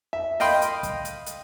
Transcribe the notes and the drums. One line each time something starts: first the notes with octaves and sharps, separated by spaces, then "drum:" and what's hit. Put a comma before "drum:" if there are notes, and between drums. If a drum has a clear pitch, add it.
E5
D#5 F5 G5 B5 C6, drum: open hi-hat
drum: hi-hat
drum: kick, hi-hat
drum: hi-hat
drum: hi-hat